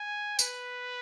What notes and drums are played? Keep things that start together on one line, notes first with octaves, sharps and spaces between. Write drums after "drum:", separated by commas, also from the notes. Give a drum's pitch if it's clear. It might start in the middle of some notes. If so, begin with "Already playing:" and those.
Already playing: G#5
B4, drum: tambourine